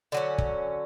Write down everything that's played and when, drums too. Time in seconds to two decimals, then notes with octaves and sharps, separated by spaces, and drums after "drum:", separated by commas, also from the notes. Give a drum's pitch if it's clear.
0.12 D3 F#3 C#4
0.38 drum: kick